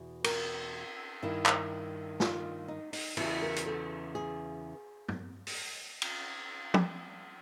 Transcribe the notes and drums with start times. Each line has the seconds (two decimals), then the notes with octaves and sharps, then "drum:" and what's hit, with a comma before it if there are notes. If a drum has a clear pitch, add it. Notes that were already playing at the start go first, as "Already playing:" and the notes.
Already playing: E2 B2
0.24 A#4, drum: cymbal
1.22 G2 D#3 E4
1.46 drum: clap
2.20 F4, drum: snare
2.68 D#4
2.93 D#4, drum: open hi-hat
3.17 E2 C#3 E3 E4, drum: cymbal
3.42 A#4
3.56 drum: hi-hat
3.66 A4
4.15 G#4
5.08 drum: tom
5.47 drum: open hi-hat
6.02 drum: cymbal
6.74 drum: tom